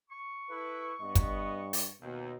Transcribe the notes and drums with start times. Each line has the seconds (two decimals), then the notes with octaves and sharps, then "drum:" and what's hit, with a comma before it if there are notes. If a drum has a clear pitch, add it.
0.10 C#6
0.49 E4 A4 B4
1.02 G2 B3 D#5
1.15 drum: kick, hi-hat
1.73 drum: open hi-hat
2.02 D#2 B2